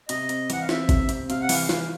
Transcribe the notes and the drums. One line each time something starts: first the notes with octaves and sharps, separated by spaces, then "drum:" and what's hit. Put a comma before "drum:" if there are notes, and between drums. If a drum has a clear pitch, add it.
C3 D#5, drum: hi-hat
C4, drum: hi-hat
E3 F#5, drum: hi-hat
F5
C4 E5, drum: snare
C3, drum: kick G#1, hi-hat
C4, drum: hi-hat
C3 F5, drum: hi-hat
F#5
E3 F5, drum: open hi-hat
E3, drum: snare